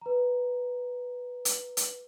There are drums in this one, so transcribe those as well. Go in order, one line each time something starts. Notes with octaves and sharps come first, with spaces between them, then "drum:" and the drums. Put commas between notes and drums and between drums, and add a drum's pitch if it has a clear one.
B4 A#5
drum: hi-hat
drum: hi-hat